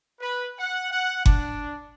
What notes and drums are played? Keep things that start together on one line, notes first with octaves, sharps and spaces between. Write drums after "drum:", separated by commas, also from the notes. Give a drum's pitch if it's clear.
B4
F#5
F#5
D4, drum: kick F#1